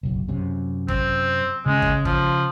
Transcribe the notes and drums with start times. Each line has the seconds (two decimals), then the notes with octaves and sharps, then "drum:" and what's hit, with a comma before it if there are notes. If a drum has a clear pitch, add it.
0.03 F#1 B1
0.28 F#2 C3
0.88 C4, drum: kick
1.66 C#3 G#3 C#4
1.82 drum: kick
2.05 F3, drum: kick